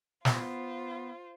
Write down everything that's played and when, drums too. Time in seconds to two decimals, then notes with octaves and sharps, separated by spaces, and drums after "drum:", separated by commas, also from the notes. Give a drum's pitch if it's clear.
0.25 B3 F4 C5, drum: snare